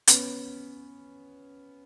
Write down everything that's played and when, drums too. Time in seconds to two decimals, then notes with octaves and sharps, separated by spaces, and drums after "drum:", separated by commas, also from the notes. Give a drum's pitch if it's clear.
0.07 B3 C#4, drum: hi-hat